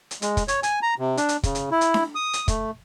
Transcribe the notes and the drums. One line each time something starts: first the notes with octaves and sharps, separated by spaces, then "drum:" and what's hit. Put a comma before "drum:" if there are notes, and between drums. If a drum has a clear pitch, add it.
drum: hi-hat
G#3, drum: hi-hat
drum: kick, hi-hat
C#5, drum: hi-hat
G#5, drum: hi-hat
A#5
C3
D4, drum: hi-hat
drum: hi-hat
C#3, drum: kick, hi-hat
drum: hi-hat
E4
drum: hi-hat
drum: snare D4
D#6
drum: hi-hat
A3, drum: kick, hi-hat